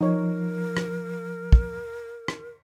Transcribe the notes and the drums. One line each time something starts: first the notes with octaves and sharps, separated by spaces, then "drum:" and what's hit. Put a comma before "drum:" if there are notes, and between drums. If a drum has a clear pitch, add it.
F3 D#4 A#4 C#5
drum: rim click
drum: kick
drum: rim click